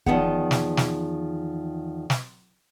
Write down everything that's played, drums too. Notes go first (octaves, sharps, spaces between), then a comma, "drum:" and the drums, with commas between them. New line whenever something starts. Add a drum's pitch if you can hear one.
E2 D#3 F3 B3 F#5, drum: kick
drum: snare
drum: snare
drum: snare